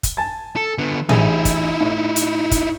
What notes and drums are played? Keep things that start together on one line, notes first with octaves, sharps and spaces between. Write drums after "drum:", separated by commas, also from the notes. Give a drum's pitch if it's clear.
drum: kick, hi-hat
G#5 A5 A6
A4
D3 B3
A1 D#4 E4 G#4, drum: tom A2
drum: kick, hi-hat
A2
drum: hi-hat
drum: kick, hi-hat